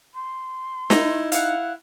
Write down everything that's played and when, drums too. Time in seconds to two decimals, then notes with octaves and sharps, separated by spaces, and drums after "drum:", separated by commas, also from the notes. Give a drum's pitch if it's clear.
0.14 C6
0.90 D#4 E4, drum: snare
1.32 E4 F5 F#5, drum: hi-hat